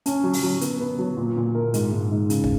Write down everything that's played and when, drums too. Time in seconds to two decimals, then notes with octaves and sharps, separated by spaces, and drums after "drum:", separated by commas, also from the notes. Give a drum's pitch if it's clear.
0.06 C#4, drum: hi-hat
0.24 F#3
0.33 drum: open hi-hat
0.43 F#3
0.61 B3, drum: hi-hat
0.81 B3
0.98 F#3
1.17 A#2
1.37 A#2
1.55 A#4
1.74 G#2, drum: hi-hat
1.92 G#2
2.11 G#2
2.30 C#3, drum: hi-hat
2.44 drum: kick